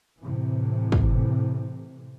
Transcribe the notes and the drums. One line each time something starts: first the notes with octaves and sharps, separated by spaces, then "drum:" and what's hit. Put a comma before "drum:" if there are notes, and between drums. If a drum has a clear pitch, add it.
A2 C3 E3
drum: kick